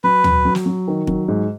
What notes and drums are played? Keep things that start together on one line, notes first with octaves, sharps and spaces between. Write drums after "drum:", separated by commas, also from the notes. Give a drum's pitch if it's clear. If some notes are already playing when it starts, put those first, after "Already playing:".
F#3 B4
F#3, drum: tom
F#3
drum: snare
F#3
D#3
F#3, drum: kick
G#2